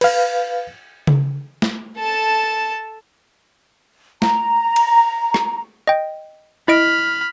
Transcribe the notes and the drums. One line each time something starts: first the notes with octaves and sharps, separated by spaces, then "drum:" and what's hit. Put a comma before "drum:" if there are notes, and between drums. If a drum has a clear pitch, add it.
B4 F5, drum: cymbal
drum: tom C#3
drum: snare A3
A4 A5
A#5, drum: snare A3
drum: cymbal
drum: rim click
D#5 G5
E4 D#5 B5 F6 D7